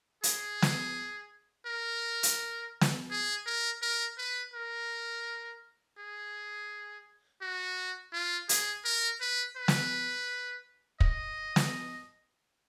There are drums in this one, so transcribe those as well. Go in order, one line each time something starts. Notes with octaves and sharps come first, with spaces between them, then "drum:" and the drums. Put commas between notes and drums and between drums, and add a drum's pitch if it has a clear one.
G#4, drum: hi-hat
drum: snare
A#4
drum: hi-hat
drum: snare
G#4
A#4
A#4
B4
A#4
G#4
F#4
F4
G#4, drum: hi-hat
A#4
B4
B4
drum: snare
D#5, drum: kick
drum: snare